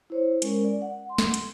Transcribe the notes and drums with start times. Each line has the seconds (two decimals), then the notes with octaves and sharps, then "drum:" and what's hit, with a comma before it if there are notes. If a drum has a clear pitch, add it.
0.10 E4 C5 C#5
0.42 G#3 C#4 A#4, drum: hi-hat
0.65 D5
0.82 F#5
1.09 C6
1.18 drum: snare
1.34 drum: hi-hat